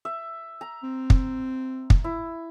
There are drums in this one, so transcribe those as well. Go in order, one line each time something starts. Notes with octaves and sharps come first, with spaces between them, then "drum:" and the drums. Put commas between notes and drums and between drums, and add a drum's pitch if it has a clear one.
E5
A#5
C4
drum: kick
drum: kick
E4